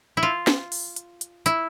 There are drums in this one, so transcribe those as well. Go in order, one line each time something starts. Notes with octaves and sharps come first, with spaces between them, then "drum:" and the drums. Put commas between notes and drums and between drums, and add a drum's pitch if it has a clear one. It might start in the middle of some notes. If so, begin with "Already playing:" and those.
E4
F4
drum: snare
drum: open hi-hat
drum: hi-hat
drum: hi-hat
E4, drum: hi-hat